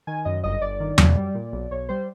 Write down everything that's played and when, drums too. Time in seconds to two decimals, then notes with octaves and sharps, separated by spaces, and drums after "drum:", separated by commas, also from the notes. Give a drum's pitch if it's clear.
0.07 D#3 G#5
0.25 F#2 D#5
0.44 G1 D#5
0.61 G1 D5
0.80 D#3
0.98 F#2, drum: tom E2
1.17 G3
1.34 A#2
1.53 B1
1.71 B1 C#5
1.89 G3 C5